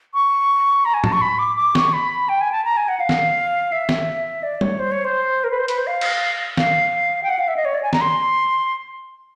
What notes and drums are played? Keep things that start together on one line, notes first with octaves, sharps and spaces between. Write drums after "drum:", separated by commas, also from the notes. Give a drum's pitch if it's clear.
C#6
A#5
G#5
A5, drum: tom
C#6
B5
D6
D6
C#6, drum: snare
B5
G5
G#5
A5
A#5
G#5
F#5
F5
drum: snare
E5
drum: snare
D5
C#5, drum: tom
C5
C#5
C5
A#4
B4
C5
B4, drum: hi-hat
C5
F5
drum: cymbal
F5, drum: snare
G5
F#5
F5
E5
D#5
C#5
D5
G#5
A#5, drum: snare
C6